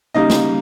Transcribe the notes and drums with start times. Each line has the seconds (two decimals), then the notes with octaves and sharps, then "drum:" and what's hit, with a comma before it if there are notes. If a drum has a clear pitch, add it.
0.14 C#3 G3 A#3 D#4 D#5
0.30 drum: snare